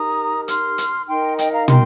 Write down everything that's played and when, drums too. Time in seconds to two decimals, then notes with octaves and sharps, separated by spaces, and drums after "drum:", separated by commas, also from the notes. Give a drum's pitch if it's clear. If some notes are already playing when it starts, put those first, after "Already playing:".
Already playing: D#4 G4 A#4 A#5 D#6
0.48 C6 F6, drum: hi-hat
0.78 drum: hi-hat
1.08 D#4 A#4 G5 C6
1.39 D#5 G5, drum: hi-hat
1.53 F5 A#5
1.68 G5 C6, drum: tom